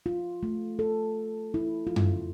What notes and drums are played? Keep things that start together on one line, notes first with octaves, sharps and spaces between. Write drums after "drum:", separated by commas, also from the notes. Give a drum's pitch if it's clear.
F4
A3
A4
E4
F4
drum: tom F#2